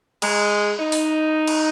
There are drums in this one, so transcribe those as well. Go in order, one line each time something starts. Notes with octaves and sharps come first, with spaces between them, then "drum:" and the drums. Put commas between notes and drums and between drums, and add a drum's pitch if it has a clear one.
G#3, drum: cymbal
D#4
drum: open hi-hat
drum: cymbal